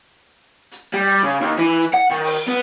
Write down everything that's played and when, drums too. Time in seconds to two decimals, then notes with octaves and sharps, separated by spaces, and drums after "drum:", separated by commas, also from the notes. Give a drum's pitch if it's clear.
0.72 drum: hi-hat
0.93 G3
1.23 C#3
1.41 D#2
1.59 E3
1.80 drum: hi-hat
1.93 F#5
2.10 D#3
2.24 drum: open hi-hat
2.48 B3